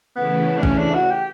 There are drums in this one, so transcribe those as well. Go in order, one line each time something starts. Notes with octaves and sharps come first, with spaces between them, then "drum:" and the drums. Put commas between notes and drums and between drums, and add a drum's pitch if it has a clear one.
C#3 E3 A3 B3 E4
D4
C#4, drum: kick
D4
F#4
G4